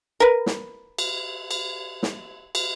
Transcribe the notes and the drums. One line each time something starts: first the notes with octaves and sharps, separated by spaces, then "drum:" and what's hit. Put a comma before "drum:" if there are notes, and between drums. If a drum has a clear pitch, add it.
A#4 B4
drum: snare
drum: cymbal
drum: cymbal
drum: snare
drum: cymbal